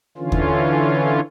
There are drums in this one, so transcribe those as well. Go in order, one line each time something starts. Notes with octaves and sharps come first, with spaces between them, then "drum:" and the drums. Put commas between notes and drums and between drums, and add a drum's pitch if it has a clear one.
D3 E3 C#4 F4
drum: kick